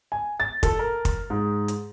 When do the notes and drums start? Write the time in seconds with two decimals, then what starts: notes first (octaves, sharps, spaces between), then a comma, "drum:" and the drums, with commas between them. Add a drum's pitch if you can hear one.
0.12 G#5
0.40 A6
0.63 A4, drum: kick, hi-hat
0.79 A#4
1.05 drum: kick, hi-hat
1.30 G#2
1.68 drum: hi-hat